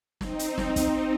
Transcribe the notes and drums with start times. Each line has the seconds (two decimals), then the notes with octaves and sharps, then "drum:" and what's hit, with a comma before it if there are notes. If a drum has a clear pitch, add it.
0.21 C4 D#4, drum: snare
0.39 drum: hi-hat
0.58 drum: snare
0.76 drum: kick, hi-hat